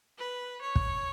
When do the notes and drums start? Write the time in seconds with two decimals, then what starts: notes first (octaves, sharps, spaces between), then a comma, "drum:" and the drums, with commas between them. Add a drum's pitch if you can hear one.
0.18 B4
0.62 C#5
0.75 drum: kick